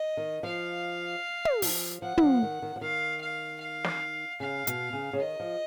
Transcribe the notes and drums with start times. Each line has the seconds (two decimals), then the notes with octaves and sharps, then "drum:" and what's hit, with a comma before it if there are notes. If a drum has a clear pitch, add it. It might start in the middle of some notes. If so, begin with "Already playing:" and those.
Already playing: D#5
0.17 D#3
0.43 F3 F5
1.45 drum: tom
1.62 F3, drum: open hi-hat
2.02 F3 F#5
2.18 D#3, drum: tom
2.23 F3
2.43 D#3
2.62 D#3
2.76 F3
2.81 D#3 F5
3.21 F5
3.61 F5
3.84 drum: snare
4.40 C#3 F5
4.67 B2, drum: hi-hat
4.93 C#3
5.13 C#3
5.19 D#3 D#5
5.40 F3